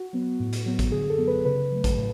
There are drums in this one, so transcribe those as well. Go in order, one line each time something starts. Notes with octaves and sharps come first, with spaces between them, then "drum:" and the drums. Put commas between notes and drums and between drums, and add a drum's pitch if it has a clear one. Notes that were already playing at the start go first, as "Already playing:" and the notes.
Already playing: F#4
F#3 B3
A2
drum: hi-hat
F#3 B3
drum: kick A1, hi-hat
D3 G#4
A4
F#3 B3
B4
C#3 B4
F#3 A3
drum: kick A1, hi-hat
A2